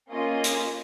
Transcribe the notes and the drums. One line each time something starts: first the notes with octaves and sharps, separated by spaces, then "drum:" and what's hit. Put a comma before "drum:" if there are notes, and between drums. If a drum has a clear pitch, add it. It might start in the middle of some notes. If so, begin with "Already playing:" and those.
A#3 C#4 F4 G#4 D#5
drum: hi-hat